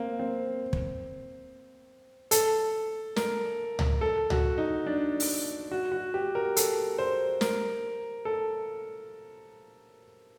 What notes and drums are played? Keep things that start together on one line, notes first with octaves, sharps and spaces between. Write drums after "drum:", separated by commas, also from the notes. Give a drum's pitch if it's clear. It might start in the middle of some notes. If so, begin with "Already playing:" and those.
Already playing: A#3 C4
C4
drum: kick
A4, drum: hi-hat
A#4, drum: snare
drum: tom C#2
A4
F#4, drum: tom C#2
D#4
D4
drum: open hi-hat
F#4
F#4
G4
A#4
A4, drum: hi-hat
C5
A#4, drum: snare
A4